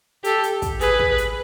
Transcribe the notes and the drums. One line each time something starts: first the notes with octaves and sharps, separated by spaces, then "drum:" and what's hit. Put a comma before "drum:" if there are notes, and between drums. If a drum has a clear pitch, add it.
G4 A4, drum: hi-hat
drum: hi-hat
drum: kick, hi-hat
G#4 B4, drum: hi-hat
drum: kick
drum: hi-hat